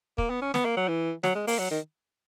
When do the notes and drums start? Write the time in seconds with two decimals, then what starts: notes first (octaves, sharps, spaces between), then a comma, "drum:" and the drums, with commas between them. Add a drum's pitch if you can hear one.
0.18 A#3, drum: kick
0.30 B3
0.42 C#4
0.54 B3, drum: snare
0.65 A#3
0.77 F#3
0.88 E3
1.24 F#3, drum: snare
1.35 G#3
1.47 A#3, drum: open hi-hat
1.59 F#3
1.71 D#3